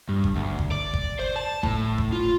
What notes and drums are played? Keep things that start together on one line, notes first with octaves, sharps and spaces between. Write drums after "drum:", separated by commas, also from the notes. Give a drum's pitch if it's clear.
G2
drum: kick G1
D2
drum: kick G1
D5
drum: kick G1
C5
A5
A2, drum: kick G1
drum: kick G1
F4